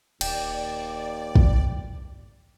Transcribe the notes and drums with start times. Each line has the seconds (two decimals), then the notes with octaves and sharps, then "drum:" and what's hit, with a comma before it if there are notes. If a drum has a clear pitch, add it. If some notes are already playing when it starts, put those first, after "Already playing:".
0.21 D#1 D#2 D5 G5, drum: cymbal
1.36 drum: kick